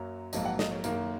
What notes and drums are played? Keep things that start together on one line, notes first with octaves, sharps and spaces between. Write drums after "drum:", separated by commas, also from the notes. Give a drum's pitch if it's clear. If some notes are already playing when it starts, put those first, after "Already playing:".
Already playing: F#2 F#3 A#3
A#1 G#2 F#3 A#3 D#5, drum: tambourine
F#5
D#5, drum: snare
C#5
F#2 D#3 A#3 A#4, drum: tambourine